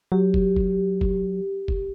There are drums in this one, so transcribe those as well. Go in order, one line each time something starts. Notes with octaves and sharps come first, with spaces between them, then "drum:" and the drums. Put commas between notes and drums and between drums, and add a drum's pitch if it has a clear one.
F#3 G4
drum: kick
drum: kick
drum: kick
drum: kick